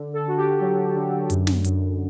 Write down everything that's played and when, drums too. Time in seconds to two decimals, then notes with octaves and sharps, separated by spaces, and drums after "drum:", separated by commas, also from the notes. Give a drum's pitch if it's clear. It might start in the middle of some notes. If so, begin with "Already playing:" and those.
Already playing: D3
0.13 A4
0.25 D3 F#4
0.37 G4
0.60 F#3
0.95 D3
1.30 F#2, drum: hi-hat
1.47 drum: snare
1.64 F#2, drum: hi-hat